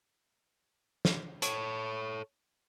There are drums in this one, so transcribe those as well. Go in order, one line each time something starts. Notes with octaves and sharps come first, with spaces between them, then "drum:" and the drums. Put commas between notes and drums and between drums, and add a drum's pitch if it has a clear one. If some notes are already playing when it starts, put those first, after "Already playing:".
drum: snare
A4 C#5, drum: hi-hat